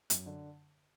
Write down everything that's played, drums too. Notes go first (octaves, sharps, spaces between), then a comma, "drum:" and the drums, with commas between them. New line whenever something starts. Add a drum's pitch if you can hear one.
F#2, drum: hi-hat
D3